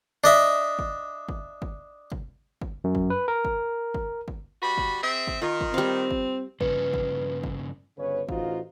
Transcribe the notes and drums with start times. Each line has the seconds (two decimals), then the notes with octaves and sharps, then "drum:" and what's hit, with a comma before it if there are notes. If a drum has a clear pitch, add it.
0.24 D4 D#5 E5
0.79 drum: kick
1.29 drum: kick
1.62 drum: kick
2.12 drum: kick
2.61 drum: kick
2.84 F#2
2.95 drum: kick
3.10 B4
3.28 A#4
3.45 drum: kick
3.94 drum: kick
4.28 drum: kick
4.62 G3 F#4 B5
4.78 drum: kick
5.03 C4 G#4 E5
5.27 drum: kick
5.42 D#3 F4
5.61 drum: kick
5.74 G3 C4 F5
6.11 drum: kick
6.61 G2 C#3 F3 B4, drum: kick
6.94 drum: kick
7.43 drum: kick
7.98 G1 C#3 B4 C#5
8.29 A1 D#4 F4 F#4 C5 F5, drum: kick